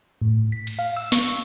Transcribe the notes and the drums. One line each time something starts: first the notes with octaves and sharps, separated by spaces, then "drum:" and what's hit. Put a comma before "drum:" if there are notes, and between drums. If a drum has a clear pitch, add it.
A2
B6
drum: cymbal
F5
E6
C#6, drum: snare